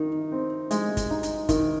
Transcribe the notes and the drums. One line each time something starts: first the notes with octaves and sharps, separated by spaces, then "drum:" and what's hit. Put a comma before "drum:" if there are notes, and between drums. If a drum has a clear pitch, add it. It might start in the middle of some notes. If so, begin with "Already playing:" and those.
Already playing: D#3 D#4
C4
G#3, drum: hi-hat
drum: kick, hi-hat
D#4
drum: hi-hat
D#3, drum: kick, hi-hat